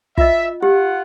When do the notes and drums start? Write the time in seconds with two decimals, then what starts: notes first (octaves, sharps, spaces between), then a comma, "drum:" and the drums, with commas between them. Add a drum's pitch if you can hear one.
0.17 F4 D#5 E5, drum: kick
0.62 F4 G4 F#5